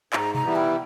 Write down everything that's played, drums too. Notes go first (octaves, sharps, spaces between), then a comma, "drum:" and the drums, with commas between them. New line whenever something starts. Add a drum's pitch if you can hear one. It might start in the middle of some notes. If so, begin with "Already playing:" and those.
G#2 A#5, drum: clap
A#5, drum: tom B2
E3 G3 B3 E4
G5